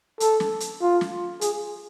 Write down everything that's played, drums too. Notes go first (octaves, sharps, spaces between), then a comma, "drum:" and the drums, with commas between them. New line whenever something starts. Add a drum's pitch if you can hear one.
A4, drum: hi-hat
drum: snare
drum: hi-hat
F4
drum: snare
G#4, drum: hi-hat